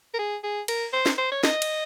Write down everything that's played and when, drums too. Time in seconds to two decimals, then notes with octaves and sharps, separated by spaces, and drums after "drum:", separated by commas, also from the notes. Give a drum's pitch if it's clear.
0.14 A#4
0.19 G#4
0.44 G#4
0.68 A#4, drum: cymbal
0.93 C5
1.06 drum: snare
1.18 C5
1.31 C#5
1.44 D#5, drum: snare
1.62 drum: cymbal